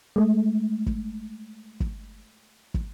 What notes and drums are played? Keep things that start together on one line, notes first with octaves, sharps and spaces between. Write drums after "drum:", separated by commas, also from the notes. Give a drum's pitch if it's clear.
G#3 A3
drum: kick
drum: kick
drum: kick